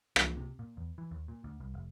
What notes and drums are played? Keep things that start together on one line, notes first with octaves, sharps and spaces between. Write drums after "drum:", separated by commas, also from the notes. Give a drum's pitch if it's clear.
E3, drum: rim click
C3
A#2
E2
E3
D#2
A#2
D2
C2
F1